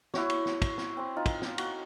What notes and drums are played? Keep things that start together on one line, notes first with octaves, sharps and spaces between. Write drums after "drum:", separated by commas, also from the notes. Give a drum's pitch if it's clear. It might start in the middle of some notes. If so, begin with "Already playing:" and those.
E4 F#4 C#5, drum: snare
drum: cymbal
drum: snare
drum: kick, cymbal
drum: snare
C4 C6
D#4 F4
drum: kick, cymbal
drum: snare
F#4, drum: cymbal